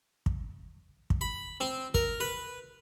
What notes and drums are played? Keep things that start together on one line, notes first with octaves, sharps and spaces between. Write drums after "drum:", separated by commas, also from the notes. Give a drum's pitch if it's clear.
drum: kick
drum: kick
B5
C4
A#4, drum: kick
B4